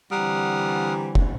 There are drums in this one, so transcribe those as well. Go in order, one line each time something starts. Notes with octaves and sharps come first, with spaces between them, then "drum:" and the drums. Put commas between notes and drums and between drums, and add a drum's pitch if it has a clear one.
D3 E3 G3 C4 F#5 A#5 D#6 F6
drum: kick